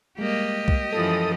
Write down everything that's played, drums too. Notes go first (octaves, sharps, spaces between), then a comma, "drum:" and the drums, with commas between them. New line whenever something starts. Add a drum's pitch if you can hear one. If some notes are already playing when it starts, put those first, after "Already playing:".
G3 G#3 A#3 G4 D#5
drum: kick
F#2 E3 F3 A4 D#6